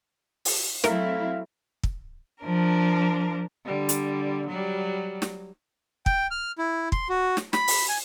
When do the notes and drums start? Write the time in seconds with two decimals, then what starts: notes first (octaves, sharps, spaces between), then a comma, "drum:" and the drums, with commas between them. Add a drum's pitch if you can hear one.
0.45 drum: open hi-hat
0.84 F#3 A3 C4 E4 A#4 F5, drum: snare
1.83 drum: kick
2.43 F3 D4 A#4
3.65 D3 G3
3.89 drum: hi-hat
4.48 F#3 G3
5.22 drum: snare
6.06 G5, drum: kick
6.31 F6
6.58 E4
6.92 C6, drum: kick
7.09 F#4
7.37 drum: snare
7.53 B5, drum: snare
7.68 drum: open hi-hat
7.88 G#5